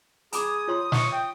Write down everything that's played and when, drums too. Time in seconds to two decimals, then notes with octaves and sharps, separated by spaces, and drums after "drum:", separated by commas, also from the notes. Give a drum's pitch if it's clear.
0.33 G#4 A#5 B5 D6 D#6, drum: hi-hat
0.68 F4 C#5 C6
0.92 C#6, drum: snare
1.12 E5 G5